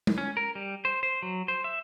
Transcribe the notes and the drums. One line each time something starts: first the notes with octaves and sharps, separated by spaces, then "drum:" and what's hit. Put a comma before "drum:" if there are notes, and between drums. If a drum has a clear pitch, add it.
drum: tom G#3
C#4
A#4
G3
C5
C5
F#3
C5
E5